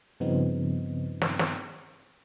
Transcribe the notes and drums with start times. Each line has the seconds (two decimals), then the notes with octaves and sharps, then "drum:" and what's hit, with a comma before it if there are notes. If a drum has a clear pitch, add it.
0.20 G2 C#3 F3 B3 C4 D#4
1.22 drum: snare
1.39 drum: snare